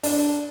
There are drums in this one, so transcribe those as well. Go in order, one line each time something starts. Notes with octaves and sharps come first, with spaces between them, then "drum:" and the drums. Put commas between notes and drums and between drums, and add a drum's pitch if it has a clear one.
D4, drum: open hi-hat